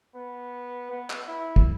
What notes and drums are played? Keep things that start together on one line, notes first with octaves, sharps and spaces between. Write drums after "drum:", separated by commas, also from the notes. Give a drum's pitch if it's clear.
B3
B3
drum: clap
E4
drum: kick